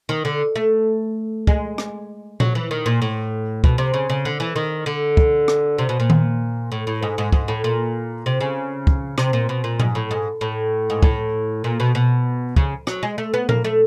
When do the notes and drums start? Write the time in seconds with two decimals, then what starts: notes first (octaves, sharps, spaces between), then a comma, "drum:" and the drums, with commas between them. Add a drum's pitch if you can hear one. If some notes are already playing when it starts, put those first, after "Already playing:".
0.09 D#3
0.25 D3
0.56 A3
1.47 G#3, drum: kick
1.78 drum: rim click
2.40 F#3, drum: tom A#2
2.55 E3
2.71 D#3
2.86 A#2
3.02 A2
3.64 B2, drum: kick
3.78 C3
3.94 C#3
4.10 C#3
4.25 D3
4.40 E3
4.56 D#3
4.86 D3
5.17 drum: kick
5.48 drum: rim click
5.78 C3
5.89 B2
6.00 A#2
6.10 drum: tom D#3
6.72 A2
6.87 A2
7.03 G#2
7.18 G#2
7.32 G#2, drum: kick
7.48 A2
7.64 A#2
8.26 C3
8.41 C#3
8.87 drum: kick
9.18 C3, drum: rim click
9.33 A#2
9.49 B2
9.64 A#2
9.80 G#2, drum: tom A#2
9.95 A2
10.11 G#2
10.41 A2
10.90 G#2
11.03 A2, drum: kick
11.64 A#2
11.80 B2
11.95 B2
12.56 C#3, drum: kick
12.87 F#3, drum: rim click
13.03 G#3
13.18 A3
13.34 B3
13.49 A#3, drum: tom A#2
13.64 A3